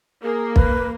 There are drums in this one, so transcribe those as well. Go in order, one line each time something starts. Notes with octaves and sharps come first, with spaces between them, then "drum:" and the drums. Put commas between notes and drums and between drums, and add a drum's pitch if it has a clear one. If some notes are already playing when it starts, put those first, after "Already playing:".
A#3 G#4
B4, drum: kick